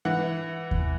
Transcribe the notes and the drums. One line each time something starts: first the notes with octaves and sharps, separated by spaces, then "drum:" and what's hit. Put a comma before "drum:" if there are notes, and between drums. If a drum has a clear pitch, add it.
E3 F#5
drum: kick D#2